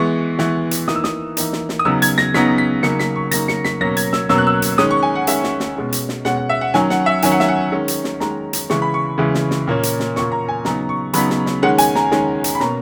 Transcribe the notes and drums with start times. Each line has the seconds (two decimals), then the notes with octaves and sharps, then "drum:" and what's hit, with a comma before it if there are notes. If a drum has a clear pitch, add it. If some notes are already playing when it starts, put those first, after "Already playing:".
Already playing: E3 G#3 B3 C#6
0.39 E3 G#3 B3, drum: snare
0.71 drum: hi-hat
0.88 E3 A#3 D#4 D#6, drum: snare
0.95 E6
1.04 D#6, drum: snare
1.37 E3 A#3 D#4, drum: hi-hat
1.53 drum: snare
1.69 drum: snare
1.79 D#6
1.85 C#3 F#3 B3 D#4 E6
2.02 G#6, drum: hi-hat
2.18 A#6, drum: snare
2.34 C#3 F#3 B3 D#4 B6, drum: snare
2.58 B6
2.83 C#3 F#3 A#3 D#4 C#7, drum: snare
2.99 B6, drum: snare
3.15 C#6
3.31 C#3 F#3 A#3 D#4 A#6, drum: hi-hat
3.48 C#7, drum: snare
3.65 B6, drum: snare
3.81 B2 F#3 A#3 C#4 A#6
3.97 G#6, drum: hi-hat
4.13 E6, drum: snare
4.29 B2 F#3 A#3 C#4 E6, drum: snare
4.38 F#6
4.47 E6
4.62 drum: hi-hat
4.78 D#3 G#3 C#4 D#6, drum: snare
4.91 C#6
5.03 G#5
5.15 F#5
5.27 D#3 G#3 C#4 E5, drum: hi-hat
5.44 drum: snare
5.60 drum: snare
5.76 B2 G#3 C#4
5.92 drum: hi-hat
6.09 drum: snare
6.25 B2 G#3 C#4 F#5, drum: snare
6.37 F#5
6.49 E5
6.61 F#5
6.74 D#3 F#3 C#4 G#5, drum: snare
6.90 F#5, drum: snare
7.06 E5
7.22 D#3 F#3 C#4 G#5, drum: hi-hat
7.31 F#5
7.40 E5, drum: snare
7.48 F#5
7.72 D#3 G#3 C#4
7.88 drum: hi-hat
8.04 drum: snare
8.20 D#3 G#3 C#4 A#5, drum: snare
8.53 drum: hi-hat
8.70 C#3 E3 G#3 C#6, drum: snare
8.82 B5
8.94 C#6
9.18 C#3 E3 G#3
9.35 drum: snare
9.51 drum: snare
9.67 A#2 A#3 C#4
9.83 drum: hi-hat
10.00 drum: snare
10.16 A#2 A#3 C#4 C#6, drum: snare
10.32 A#5
10.49 G#5
10.65 C#3 F#3 B3 D#4 A#5, drum: snare
10.89 C#6
11.13 C#3 F#3 B3 D#4 B5, drum: hi-hat
11.30 drum: snare
11.46 drum: snare
11.62 D#3 G#3 C#4 F#5
11.78 G#5, drum: hi-hat
11.95 A#5, drum: snare
12.11 D#3 G#3 C#4, drum: snare
12.44 drum: hi-hat
12.55 B5
12.60 B2 A#3 C#4 A#5, drum: snare